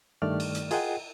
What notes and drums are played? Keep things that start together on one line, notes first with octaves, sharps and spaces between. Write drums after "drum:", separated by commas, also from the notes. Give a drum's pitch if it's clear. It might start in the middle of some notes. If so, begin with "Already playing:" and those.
G2 D#3 A3 D5 F6
drum: cymbal
drum: hi-hat
F4 G#4 A#4 D#5 F#5 G5, drum: cymbal